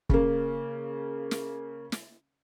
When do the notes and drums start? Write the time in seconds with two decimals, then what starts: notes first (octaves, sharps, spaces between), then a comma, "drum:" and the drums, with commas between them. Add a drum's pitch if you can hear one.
0.09 C#3 A#3, drum: kick
1.31 drum: snare
1.92 drum: snare